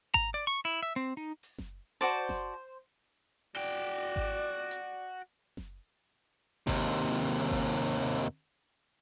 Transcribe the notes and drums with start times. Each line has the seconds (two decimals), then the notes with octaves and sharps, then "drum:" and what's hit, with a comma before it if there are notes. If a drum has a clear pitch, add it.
0.14 A#5, drum: kick G#1
0.34 D5
0.47 C#6
0.65 E4
0.83 E5
0.96 C4
1.17 D#4
1.43 drum: open hi-hat
1.58 drum: snare F#1
2.01 F#4 C5 D5 A5
2.29 drum: snare F#1
3.56 F#4 D5 G5
4.16 drum: kick G#1
4.71 drum: hi-hat
5.57 drum: snare F#1
6.67 D#2 C3, drum: kick G#1
7.50 drum: kick G#1